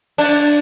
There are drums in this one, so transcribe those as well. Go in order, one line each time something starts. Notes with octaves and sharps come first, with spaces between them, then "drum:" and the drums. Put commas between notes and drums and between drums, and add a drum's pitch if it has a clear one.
D4, drum: open hi-hat